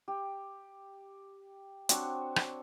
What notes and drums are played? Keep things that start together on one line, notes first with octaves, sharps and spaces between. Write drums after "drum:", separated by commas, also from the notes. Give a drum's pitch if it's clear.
G4
C4 D4 F#4 C#5, drum: hi-hat
drum: rim click